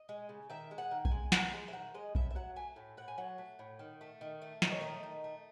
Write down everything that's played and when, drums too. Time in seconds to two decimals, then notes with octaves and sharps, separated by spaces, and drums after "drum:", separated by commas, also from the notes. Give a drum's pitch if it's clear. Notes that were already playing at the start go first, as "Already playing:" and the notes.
Already playing: D#5
0.09 G#3
0.29 C#3
0.50 D#3 E5
0.71 G#3
0.78 F#5
0.91 D#3
1.05 G#5, drum: kick B1
1.11 G#3
1.32 D#3 F#5, drum: snare
1.53 G#3 G#5
1.68 E5
1.73 D#3 F#5
1.94 G#3 D#5
2.15 A2 E5, drum: kick B1
2.31 E5
2.35 F#3 F#5
2.56 A3 G#5
2.76 A2
2.97 A2 F#5
3.08 G#5
3.18 F#3 F#5
3.38 A3
3.59 A2
3.79 D#3
4.01 A3
4.21 D#3
4.42 A3
4.62 D#3 D#5, drum: snare
4.72 C#5
4.81 A3 D#5
5.03 D#3
5.24 A3